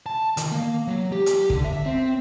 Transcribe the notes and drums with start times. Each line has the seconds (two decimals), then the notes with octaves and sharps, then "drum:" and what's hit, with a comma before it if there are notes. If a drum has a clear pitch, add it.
0.06 A5
0.37 D#3, drum: hi-hat
0.51 A#3
0.87 F#3
1.12 G4
1.26 drum: hi-hat
1.50 D3, drum: kick
1.65 E5
1.86 C4